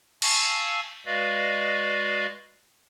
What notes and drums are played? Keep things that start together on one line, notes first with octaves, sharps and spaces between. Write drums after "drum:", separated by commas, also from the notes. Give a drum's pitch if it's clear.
F5 G#5 A5 C#6 E6, drum: cymbal
G#3 F#4 B4 D5 D#5 F5